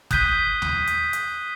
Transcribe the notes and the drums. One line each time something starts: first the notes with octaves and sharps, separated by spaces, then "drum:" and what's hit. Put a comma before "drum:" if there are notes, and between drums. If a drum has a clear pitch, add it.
D#6 F#6 G6 B6 D#7 G7, drum: kick F#1, hi-hat
drum: tom D#2
drum: hi-hat
drum: hi-hat